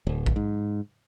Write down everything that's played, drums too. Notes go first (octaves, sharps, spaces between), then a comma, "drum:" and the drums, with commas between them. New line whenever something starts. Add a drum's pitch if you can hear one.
D1
drum: kick A#1
G#2